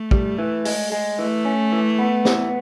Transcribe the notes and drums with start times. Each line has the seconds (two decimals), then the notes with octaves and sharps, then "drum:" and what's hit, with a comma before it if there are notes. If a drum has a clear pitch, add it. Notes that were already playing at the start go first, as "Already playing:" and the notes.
Already playing: A3
0.11 G3, drum: kick
0.39 E3
0.65 G#3, drum: open hi-hat
0.92 G#3
1.19 E3 A3
1.45 C#4
1.72 E3
1.99 B3
2.25 E3, drum: snare